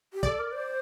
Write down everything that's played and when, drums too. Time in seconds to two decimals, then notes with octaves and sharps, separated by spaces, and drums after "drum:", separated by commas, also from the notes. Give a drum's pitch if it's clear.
0.13 G4
0.23 A4 D5, drum: kick
0.39 A#4
0.52 C5